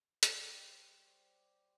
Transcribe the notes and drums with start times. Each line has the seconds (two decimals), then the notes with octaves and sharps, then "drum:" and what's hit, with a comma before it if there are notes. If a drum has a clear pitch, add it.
0.23 G3 G4 C5 C#5, drum: hi-hat